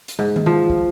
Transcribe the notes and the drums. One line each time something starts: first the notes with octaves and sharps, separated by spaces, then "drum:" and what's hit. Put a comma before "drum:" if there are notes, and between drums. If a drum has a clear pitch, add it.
drum: hi-hat
G#2
drum: tom D#3
F3
drum: kick